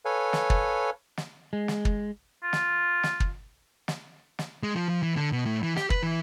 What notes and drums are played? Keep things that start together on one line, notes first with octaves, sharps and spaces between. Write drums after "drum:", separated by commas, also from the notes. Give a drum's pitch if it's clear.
A4 B4 C#5 F5 G#5
drum: snare
drum: kick
drum: snare
G#3
drum: snare
drum: kick
F4
drum: snare
drum: snare
drum: kick
drum: snare
drum: snare
G#3
F3
F3
E3
D3
B2
A2
E3
G4, drum: snare
B4, drum: kick
E3